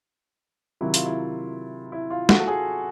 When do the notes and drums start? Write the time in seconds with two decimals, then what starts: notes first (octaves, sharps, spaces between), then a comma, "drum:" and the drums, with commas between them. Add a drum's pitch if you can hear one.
0.81 C3 D#3 F#3 E4
0.94 F4, drum: hi-hat
1.06 E4
1.92 E4
2.10 F4
2.29 F#4, drum: snare
2.39 A4
2.47 G#4